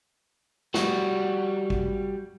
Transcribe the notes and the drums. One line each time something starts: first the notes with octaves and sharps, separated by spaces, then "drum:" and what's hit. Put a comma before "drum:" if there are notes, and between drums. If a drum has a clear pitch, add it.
G3 F#4, drum: snare
drum: kick